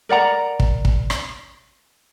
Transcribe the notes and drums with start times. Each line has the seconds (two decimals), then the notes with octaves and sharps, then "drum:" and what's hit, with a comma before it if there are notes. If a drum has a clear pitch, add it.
0.09 A#4 D5 F#5 A#5
0.60 drum: kick
0.85 drum: kick
1.10 drum: rim click